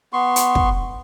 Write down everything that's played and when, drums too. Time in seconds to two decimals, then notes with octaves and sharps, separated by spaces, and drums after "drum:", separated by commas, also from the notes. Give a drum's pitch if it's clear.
0.13 B3 C6 C#6
0.36 drum: hi-hat
0.55 drum: kick